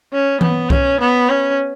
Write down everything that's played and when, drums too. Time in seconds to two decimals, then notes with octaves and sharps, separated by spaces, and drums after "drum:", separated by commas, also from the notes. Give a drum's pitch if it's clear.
0.13 C#4
0.41 B3, drum: tom E3
0.70 C#4, drum: kick C2
1.00 B3
1.29 C#4